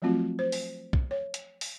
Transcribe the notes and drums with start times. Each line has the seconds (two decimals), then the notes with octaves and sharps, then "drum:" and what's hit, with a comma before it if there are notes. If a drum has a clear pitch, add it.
0.02 F3 F#3 A3 C4 F4 F#4
0.39 C5
0.52 drum: open hi-hat
0.93 drum: kick B1
1.11 C#5
1.34 drum: hi-hat
1.61 drum: open hi-hat